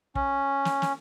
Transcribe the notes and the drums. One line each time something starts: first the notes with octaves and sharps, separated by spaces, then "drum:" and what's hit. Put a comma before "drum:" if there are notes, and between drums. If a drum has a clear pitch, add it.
C#4, drum: kick
drum: snare
drum: snare